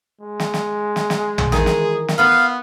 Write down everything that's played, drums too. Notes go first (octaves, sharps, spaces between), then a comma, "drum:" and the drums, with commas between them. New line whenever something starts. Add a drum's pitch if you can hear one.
G#3
drum: snare
drum: snare
drum: snare
drum: snare
drum: tom
D#3 E3 G#4, drum: snare
drum: snare
drum: snare
B3 F4 B4 F5 B5